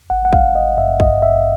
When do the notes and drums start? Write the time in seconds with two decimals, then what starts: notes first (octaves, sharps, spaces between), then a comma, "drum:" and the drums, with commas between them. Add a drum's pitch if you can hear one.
0.10 G#1 F#5
0.25 F#5
0.33 G#1 F5, drum: kick A#1
0.55 G#1 D#5
0.78 G2 E5
1.00 G2 D#5, drum: kick A#1
1.22 G#1 E5